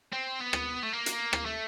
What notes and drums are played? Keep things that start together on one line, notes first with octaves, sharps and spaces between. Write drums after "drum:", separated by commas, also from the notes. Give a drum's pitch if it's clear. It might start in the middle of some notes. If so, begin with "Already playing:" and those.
C4
B3
drum: rim click
A3
A#3
drum: hi-hat
drum: rim click
A3